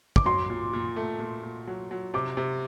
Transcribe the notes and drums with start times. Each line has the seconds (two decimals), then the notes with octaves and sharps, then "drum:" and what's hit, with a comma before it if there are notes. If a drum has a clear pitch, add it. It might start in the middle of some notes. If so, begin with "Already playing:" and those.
0.16 D6, drum: kick
0.26 F#3 C6
0.50 A#2
0.73 A#2
0.96 A3
1.20 A#2
1.43 A#2
1.67 F#3
1.91 F#3
2.14 C3 D6
2.37 C3